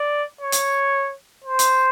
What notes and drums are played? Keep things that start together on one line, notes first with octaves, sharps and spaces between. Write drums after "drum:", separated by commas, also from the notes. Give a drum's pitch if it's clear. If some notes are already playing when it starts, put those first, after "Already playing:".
Already playing: D5
C#5
drum: hi-hat
C5
drum: hi-hat